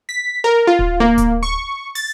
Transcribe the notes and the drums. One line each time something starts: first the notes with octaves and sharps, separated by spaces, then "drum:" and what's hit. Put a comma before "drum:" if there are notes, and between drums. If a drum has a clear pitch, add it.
B6
A#4
F4
drum: kick D1
A#3
drum: kick D1, hi-hat
C#6
A6, drum: open hi-hat